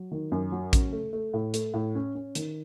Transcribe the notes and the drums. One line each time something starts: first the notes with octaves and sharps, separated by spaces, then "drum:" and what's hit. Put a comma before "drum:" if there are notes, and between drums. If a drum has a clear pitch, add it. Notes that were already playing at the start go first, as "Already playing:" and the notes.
Already playing: F#3
D#3
F#2
F#3
C#4, drum: kick, hi-hat
A3
A3
A2
A3, drum: hi-hat
A2
C#4
C#4
D#3, drum: hi-hat